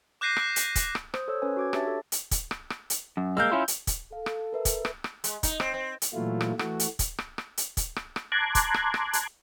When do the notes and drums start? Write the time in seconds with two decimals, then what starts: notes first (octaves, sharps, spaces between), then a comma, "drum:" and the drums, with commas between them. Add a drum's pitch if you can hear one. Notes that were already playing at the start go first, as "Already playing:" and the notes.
0.21 D6 F#6 G6 A#6 C7 D#7
0.37 drum: rim click
0.56 drum: hi-hat
0.75 drum: kick, hi-hat
0.95 drum: rim click
1.14 C5 D#6, drum: rim click
1.28 A4 C5 C#5 E6
1.42 C#4 B4 C#5 G#5
1.57 F#4 D6 G#6
1.73 D4 G4 C#5 E5 A5 A6, drum: rim click
1.87 A4
2.12 drum: hi-hat
2.31 drum: kick, hi-hat
2.51 drum: rim click
2.70 drum: rim click
2.90 drum: hi-hat
3.17 F#2
3.37 G#3 A#3 E6 F6 G6
3.52 C#4 E4 F4
3.68 drum: hi-hat
3.87 drum: kick, hi-hat
4.13 A4 F5
4.26 drum: rim click
4.53 A#4 B4 E5
4.65 drum: kick, hi-hat
4.85 drum: rim click
5.04 drum: rim click
5.24 G#3, drum: hi-hat
5.43 D#4, drum: kick, hi-hat
5.60 C4, drum: rim click
5.74 C4
6.02 drum: hi-hat
6.14 A#2 E3 F#3 A3 E4 F4
6.41 drum: rim click
6.59 E3 A3 F#4, drum: rim click
6.80 drum: hi-hat
6.99 drum: kick, hi-hat
7.18 drum: rim click
7.38 drum: rim click
7.57 drum: hi-hat
7.77 drum: kick, hi-hat
7.96 drum: rim click
8.16 drum: rim click
8.32 A5 A#5 C6 D6 F#6 G#6
8.55 drum: kick, hi-hat
8.74 drum: rim click
8.94 drum: rim click
9.13 drum: hi-hat